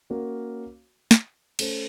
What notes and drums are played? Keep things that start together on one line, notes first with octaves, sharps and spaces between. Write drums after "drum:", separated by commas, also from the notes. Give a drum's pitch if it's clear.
A#3 C#4 F#4 A#4 C#5
drum: snare
A3 C#4 A4 C5, drum: cymbal